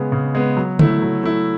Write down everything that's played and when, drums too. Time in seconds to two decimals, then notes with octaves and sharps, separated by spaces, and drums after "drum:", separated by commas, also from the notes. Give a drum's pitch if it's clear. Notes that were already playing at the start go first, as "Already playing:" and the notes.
Already playing: C#3 G#3 B3
0.12 C#3
0.35 G#3 B3
0.57 F#3
0.79 A3 E4, drum: tom C#3
1.02 F#3
1.24 A3 E4